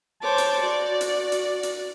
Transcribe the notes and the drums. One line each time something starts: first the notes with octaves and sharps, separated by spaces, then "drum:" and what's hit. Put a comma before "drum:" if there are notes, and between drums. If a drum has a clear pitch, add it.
C5 C#5 A5 D6
drum: hi-hat
F#4 D5
drum: hi-hat
drum: hi-hat
drum: hi-hat